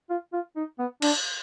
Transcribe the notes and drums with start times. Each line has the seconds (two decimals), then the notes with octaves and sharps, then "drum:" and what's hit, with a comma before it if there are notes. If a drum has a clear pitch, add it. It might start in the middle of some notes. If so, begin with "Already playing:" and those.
0.10 F4
0.33 F4
0.56 D#4
0.79 B3
1.02 D4, drum: cymbal